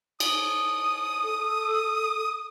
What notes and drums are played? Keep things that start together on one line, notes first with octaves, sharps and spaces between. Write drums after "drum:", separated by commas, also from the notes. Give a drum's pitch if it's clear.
D#6, drum: cymbal
A4